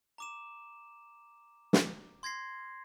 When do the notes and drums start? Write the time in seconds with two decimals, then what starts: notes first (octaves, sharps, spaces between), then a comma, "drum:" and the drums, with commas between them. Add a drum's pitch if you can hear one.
0.18 A#5 D6 E7
1.73 drum: snare
2.23 C6 G#6 A#6 C7